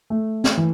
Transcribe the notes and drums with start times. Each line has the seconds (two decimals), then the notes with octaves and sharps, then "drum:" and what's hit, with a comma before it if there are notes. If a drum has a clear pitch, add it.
0.10 A3
0.44 drum: snare
0.57 E3